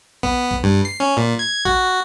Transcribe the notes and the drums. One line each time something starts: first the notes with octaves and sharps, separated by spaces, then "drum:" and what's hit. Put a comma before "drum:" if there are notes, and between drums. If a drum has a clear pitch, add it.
B3, drum: kick A#1
drum: kick A#1
G2
C7
C#4
A#2
G#6
F#4, drum: kick A#1